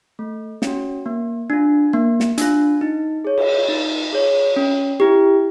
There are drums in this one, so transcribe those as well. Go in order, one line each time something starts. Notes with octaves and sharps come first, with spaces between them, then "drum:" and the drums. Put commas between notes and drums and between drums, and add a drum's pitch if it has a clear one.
A3
C#4, drum: snare
F#4
A#3
D4 F4
A#3
drum: snare
D4 F4, drum: hi-hat
D#4
G#4 C#5
drum: cymbal
D#4
G#4 C#5
C#4
E4 G4